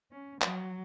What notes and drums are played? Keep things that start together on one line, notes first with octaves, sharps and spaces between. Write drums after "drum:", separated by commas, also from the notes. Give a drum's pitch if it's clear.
C#4
F#3, drum: clap